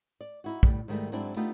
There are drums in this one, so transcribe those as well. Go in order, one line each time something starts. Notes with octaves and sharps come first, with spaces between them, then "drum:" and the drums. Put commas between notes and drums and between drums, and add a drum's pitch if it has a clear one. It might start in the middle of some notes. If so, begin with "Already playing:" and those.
D5
D#4 E4 F#4
A2 G3, drum: kick
G#2 D#3 G3 A3
G#2 F#3 C4 D4 E4
A3 B3 D4 D#4 F4 G4